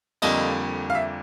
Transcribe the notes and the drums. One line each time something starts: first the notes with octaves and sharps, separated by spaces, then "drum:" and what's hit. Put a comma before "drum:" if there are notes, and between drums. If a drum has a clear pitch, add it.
F2 D3 G3 A#3 D#5, drum: cymbal
F5
E5